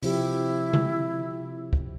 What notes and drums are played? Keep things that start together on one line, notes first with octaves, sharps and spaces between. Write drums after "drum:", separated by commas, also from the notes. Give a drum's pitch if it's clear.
C3 F3 E4 G4, drum: open hi-hat
drum: tom C3
drum: kick